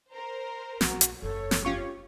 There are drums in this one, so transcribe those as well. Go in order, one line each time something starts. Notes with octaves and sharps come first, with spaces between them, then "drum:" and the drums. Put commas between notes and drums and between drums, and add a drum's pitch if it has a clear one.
A#4 C5
A#1 D#2 F#4, drum: snare
drum: hi-hat
F#1 E2 A4 C#5
drum: snare
C#4 F4 G4 C#6